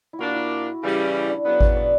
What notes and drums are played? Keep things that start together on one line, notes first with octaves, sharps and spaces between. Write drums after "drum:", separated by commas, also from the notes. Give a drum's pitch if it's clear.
E4
A#2 A#3 D4 F#4
E4
C#3 E3 G3 C#4
D4
C#3 F#3 B3 E4
D5, drum: kick G#1
D5